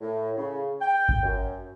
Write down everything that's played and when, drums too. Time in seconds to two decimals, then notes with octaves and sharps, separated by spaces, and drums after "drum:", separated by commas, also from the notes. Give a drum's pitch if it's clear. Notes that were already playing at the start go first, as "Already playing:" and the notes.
0.01 A2
0.36 C#3
0.81 G5
1.09 drum: kick G1
1.22 F#2